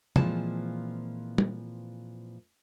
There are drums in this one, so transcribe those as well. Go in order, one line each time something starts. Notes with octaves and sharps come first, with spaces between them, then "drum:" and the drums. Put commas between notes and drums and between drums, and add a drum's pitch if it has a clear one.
A#2 E3 F3 G#3 C4 A5, drum: tom
drum: tom